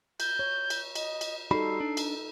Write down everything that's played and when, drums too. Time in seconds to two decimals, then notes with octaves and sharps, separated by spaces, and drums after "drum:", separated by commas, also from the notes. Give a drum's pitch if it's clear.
0.20 G6, drum: cymbal
0.39 C#5
0.70 drum: cymbal
0.95 D#5, drum: cymbal
1.21 drum: cymbal
1.51 G3 D#4 F#4 A4 B5 C7
1.80 D4
1.97 drum: cymbal